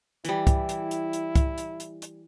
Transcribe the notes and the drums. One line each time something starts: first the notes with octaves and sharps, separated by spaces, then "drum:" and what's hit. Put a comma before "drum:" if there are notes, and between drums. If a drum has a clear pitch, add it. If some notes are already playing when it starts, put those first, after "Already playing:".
E3 G3 E4, drum: hi-hat
drum: kick, hi-hat
drum: hi-hat
drum: hi-hat
drum: hi-hat
drum: kick, hi-hat
drum: hi-hat
drum: hi-hat
drum: hi-hat